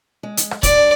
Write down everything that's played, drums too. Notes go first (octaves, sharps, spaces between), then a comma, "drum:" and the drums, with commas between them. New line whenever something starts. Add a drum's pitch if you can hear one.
G#3
drum: hi-hat
drum: rim click
G3 D4 D5, drum: kick, hi-hat